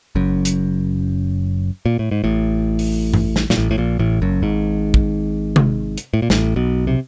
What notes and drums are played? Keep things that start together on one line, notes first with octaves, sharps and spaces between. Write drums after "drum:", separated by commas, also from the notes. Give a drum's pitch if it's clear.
F#1 F#2
drum: hi-hat
A#2
A2
G#2
A1 A2
drum: open hi-hat
drum: tom G2
drum: snare
A#2, drum: snare
A1 A2
A2
A#1 A#2
A1 A2
F#1 F#2
G#1 G#2
drum: kick
drum: tom C3
drum: hi-hat
A2
A#2
A1 A2, drum: snare
B1 B2
C3